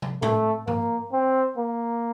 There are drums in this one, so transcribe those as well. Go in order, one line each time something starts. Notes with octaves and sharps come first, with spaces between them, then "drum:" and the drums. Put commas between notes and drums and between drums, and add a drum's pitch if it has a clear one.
drum: tom
A3, drum: tom A2
A#3, drum: tom G2
C4
A#3